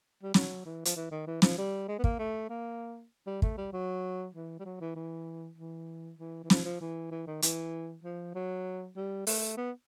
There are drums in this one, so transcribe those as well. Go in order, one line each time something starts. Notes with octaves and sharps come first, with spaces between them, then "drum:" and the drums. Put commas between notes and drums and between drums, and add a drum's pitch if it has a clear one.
G3
F#3, drum: snare
E3
F3, drum: hi-hat
E3
D#3
E3
F3, drum: snare
G3
G#3
B3
A#3, drum: kick
A3
A#3
G3
A3, drum: kick
G3
F#3
E3
G3
F#3
E3
E3
E3
E3
E3
F3, drum: snare
F3
E3
E3
D#3
E3, drum: hi-hat
F3
F#3
G3
A3, drum: open hi-hat
B3